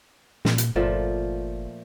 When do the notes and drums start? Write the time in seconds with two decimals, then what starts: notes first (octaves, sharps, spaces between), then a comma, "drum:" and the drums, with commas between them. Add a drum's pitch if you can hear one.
0.45 A#2, drum: snare
0.58 drum: hi-hat
0.76 G1 A#2 F3 A3